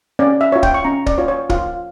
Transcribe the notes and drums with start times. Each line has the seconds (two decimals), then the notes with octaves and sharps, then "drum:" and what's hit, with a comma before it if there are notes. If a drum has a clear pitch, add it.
0.19 C#4 D5
0.41 E5
0.52 F4 C#5
0.63 G5, drum: kick
0.74 C#6
0.84 C#4 A#5
1.06 D5, drum: kick
1.18 F4 C#5
1.28 C#5
1.50 F4, drum: kick